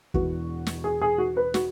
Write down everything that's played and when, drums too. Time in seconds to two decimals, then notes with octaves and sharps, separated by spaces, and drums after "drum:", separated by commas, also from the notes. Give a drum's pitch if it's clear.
0.14 E1 E2 E3 B3 F#4, drum: kick
0.66 drum: snare
0.84 G#4
1.02 G#4
1.18 F#4
1.37 B4
1.54 F#4, drum: snare